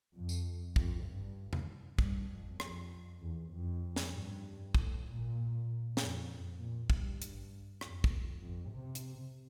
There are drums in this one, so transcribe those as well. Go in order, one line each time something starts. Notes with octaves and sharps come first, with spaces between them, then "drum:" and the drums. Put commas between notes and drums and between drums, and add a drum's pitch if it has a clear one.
F2
drum: tambourine
F2, drum: kick
G2
drum: tom E2
G2, drum: kick
F2
F2, drum: rim click
E2
F2
drum: snare
G2
A2, drum: kick
A#2
F2, drum: snare
A#2
G2, drum: kick
drum: hi-hat
F2, drum: rim click
drum: kick
F2
C3
drum: hi-hat